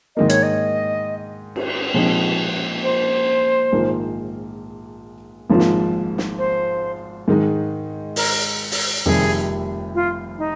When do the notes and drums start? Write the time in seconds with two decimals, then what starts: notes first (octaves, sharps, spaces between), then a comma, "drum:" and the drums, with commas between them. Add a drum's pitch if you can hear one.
0.16 G#2 D#3 A#3 D#5
0.29 C#5, drum: hi-hat
0.43 D#5
1.56 drum: cymbal
1.94 A#2 F3 G#3 C4 D#4
2.83 C5
3.72 A#1 G#2 D#3 A#3 F4
5.50 G#1 G#2 F3 A#3 F4
5.60 drum: snare
6.18 drum: snare
6.38 C5
7.28 G#2 D#3 G#3 D#4
8.16 A#4, drum: open hi-hat
8.72 drum: open hi-hat
9.05 F1 F2 C3 D#3 G3 G#4
9.95 F4
10.38 D#4